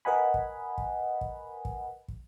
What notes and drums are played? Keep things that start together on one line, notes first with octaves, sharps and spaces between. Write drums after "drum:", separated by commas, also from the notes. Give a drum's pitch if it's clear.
A#4 B4 D#5 F#5 G#5 B5
drum: kick
drum: kick
drum: kick
drum: kick
drum: kick